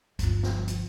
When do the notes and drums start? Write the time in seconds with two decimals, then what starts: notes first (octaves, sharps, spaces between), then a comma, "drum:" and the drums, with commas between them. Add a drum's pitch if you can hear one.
0.19 G1 F3, drum: kick D2, hi-hat
0.43 drum: snare
0.68 drum: hi-hat